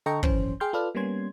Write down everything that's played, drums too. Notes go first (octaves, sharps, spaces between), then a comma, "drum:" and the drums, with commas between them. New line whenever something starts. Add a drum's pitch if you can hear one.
D3 A4 D#5 G5 A#5 C#6
G#1 F#2 E3 C#4 C5, drum: kick
G#4 G5 C6 F6 G6
F4 A4 B4 D5 F6
G3 A#3 B3 C#4 C6 G#6